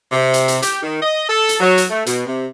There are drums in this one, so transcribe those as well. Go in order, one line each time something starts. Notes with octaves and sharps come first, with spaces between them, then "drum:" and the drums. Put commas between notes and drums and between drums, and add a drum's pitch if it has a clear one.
C3
drum: hi-hat
drum: hi-hat
G4, drum: hi-hat
D#3
D#5
A4
drum: hi-hat
F#3
drum: hi-hat
A3
B2, drum: hi-hat
C3